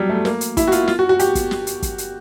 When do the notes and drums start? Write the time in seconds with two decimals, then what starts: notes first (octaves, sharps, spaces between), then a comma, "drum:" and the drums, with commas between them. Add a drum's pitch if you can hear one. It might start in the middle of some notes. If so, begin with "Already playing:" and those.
Already playing: F#3 G3
0.09 A3
0.25 A#3, drum: snare
0.41 drum: hi-hat
0.57 E4, drum: kick, hi-hat
0.68 F#4
0.72 F4, drum: hi-hat
0.88 F4, drum: snare
0.99 F#4
1.09 F#4
1.19 G4, drum: hi-hat
1.35 drum: kick, hi-hat
1.51 drum: snare
1.67 drum: hi-hat
1.82 drum: kick, hi-hat
1.98 drum: hi-hat